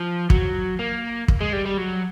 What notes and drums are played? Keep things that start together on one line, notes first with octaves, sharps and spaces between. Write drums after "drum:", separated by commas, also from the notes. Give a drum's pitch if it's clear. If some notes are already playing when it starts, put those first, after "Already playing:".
Already playing: F3
F#3, drum: kick
A#3
drum: kick
G#3
G3
G3
F#3